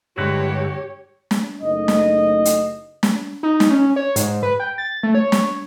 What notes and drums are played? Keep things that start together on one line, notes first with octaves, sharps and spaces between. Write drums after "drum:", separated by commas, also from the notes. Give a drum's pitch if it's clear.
G2 D3 G#3 E4 F#4 G4 B4 C#5
drum: snare
F#1 A3 D#4 D#5
drum: snare
drum: hi-hat
drum: snare
D#4
drum: snare
C#4
C#5
G#2, drum: hi-hat
B4
G5
A6
A3
C#5
drum: snare